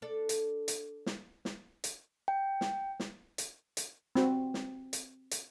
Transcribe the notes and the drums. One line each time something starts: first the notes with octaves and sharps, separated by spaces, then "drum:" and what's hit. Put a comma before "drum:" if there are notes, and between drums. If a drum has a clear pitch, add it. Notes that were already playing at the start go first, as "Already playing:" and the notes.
D4 A4
drum: hi-hat
drum: hi-hat
drum: snare
drum: snare
drum: hi-hat
G5
drum: snare
drum: snare
drum: hi-hat
drum: hi-hat
C4 F#4, drum: snare
drum: snare
drum: hi-hat
drum: hi-hat